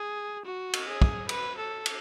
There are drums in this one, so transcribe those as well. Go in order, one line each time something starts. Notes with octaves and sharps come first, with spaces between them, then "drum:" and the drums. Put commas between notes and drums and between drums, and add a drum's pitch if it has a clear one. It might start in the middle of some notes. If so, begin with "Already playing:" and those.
Already playing: G#4
F#4
drum: cymbal
G#4
drum: kick
B4, drum: cymbal
A4
drum: cymbal